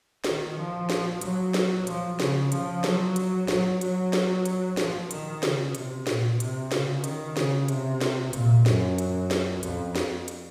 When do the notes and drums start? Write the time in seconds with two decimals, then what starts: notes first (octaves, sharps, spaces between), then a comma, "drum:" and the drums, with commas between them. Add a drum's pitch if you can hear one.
0.24 D#3, drum: snare
0.57 F3
0.90 drum: snare
1.21 F#3, drum: hi-hat
1.54 drum: snare
1.87 F3, drum: hi-hat
2.20 C#3, drum: snare
2.52 F3, drum: hi-hat
2.84 F#3, drum: snare
3.16 drum: hi-hat
3.48 F#3, drum: snare
3.81 F#3, drum: hi-hat
4.13 drum: snare
4.45 drum: hi-hat
4.77 F3, drum: snare
5.11 D#3, drum: hi-hat
5.43 C#3, drum: snare
5.75 C3, drum: hi-hat
6.07 A#2, drum: snare
6.40 C3, drum: hi-hat
6.72 C#3, drum: snare
7.04 D#3, drum: hi-hat
7.37 C#3, drum: snare
7.68 C3, drum: hi-hat
8.01 drum: snare
8.33 A#2, drum: hi-hat
8.66 F#2, drum: snare
8.98 drum: hi-hat
9.31 drum: snare
9.63 F2, drum: hi-hat
9.96 drum: snare
10.28 drum: hi-hat